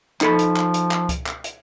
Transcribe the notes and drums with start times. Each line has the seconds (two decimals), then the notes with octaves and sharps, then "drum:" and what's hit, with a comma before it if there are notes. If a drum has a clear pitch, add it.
0.21 F3 D#4 A4 B5, drum: clap
0.39 drum: hi-hat
0.56 drum: clap
0.74 drum: hi-hat
0.91 drum: clap
1.09 drum: kick C#2, hi-hat
1.27 drum: clap
1.44 drum: hi-hat